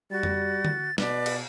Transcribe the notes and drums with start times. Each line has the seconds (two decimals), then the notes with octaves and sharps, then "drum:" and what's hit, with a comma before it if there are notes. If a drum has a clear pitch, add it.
0.11 G3 F#4 A6
0.23 drum: tom F2
0.65 drum: tom D3
0.98 B2 B4 D5, drum: snare
1.26 drum: cymbal